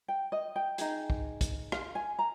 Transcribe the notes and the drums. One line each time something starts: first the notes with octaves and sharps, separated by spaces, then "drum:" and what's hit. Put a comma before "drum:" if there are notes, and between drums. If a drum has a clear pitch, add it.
G5
D#5
G5
D#4 G#4, drum: hi-hat
drum: kick
drum: kick, hi-hat
F5, drum: rim click
G#5
A#5